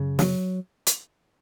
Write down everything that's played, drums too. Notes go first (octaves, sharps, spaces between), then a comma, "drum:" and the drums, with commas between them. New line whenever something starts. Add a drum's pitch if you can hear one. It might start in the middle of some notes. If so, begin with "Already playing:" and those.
Already playing: F#2 C#3
F#3, drum: snare
drum: hi-hat